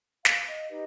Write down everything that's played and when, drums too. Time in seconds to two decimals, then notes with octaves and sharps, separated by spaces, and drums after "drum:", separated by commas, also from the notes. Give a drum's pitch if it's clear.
0.25 F5, drum: snare
0.46 D#5
0.69 D#4 G4 B4 D#5